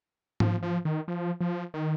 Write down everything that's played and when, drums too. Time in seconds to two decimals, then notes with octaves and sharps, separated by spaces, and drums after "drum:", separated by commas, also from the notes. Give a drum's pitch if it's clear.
0.40 F3, drum: tom G#2
0.62 F3
0.85 D#3
1.08 F3
1.40 F3
1.74 D#3